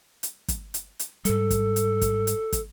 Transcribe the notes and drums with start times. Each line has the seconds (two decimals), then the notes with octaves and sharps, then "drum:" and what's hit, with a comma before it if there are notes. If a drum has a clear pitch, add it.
0.23 drum: hi-hat
0.48 drum: kick, hi-hat
0.74 drum: hi-hat
0.99 drum: hi-hat
1.25 G#2 G3 A4, drum: hi-hat
1.50 drum: kick, hi-hat
1.76 drum: hi-hat
2.01 drum: kick, hi-hat
2.27 drum: hi-hat
2.53 drum: kick, hi-hat